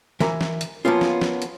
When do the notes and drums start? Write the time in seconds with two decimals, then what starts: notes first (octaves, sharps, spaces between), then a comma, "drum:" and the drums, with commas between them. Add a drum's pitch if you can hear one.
0.20 E3 A#4 A#5 B5, drum: snare
0.41 drum: snare
0.61 drum: hi-hat
0.85 F3 A#3 B3 C#4 F4
1.01 drum: snare
1.21 drum: snare
1.42 drum: hi-hat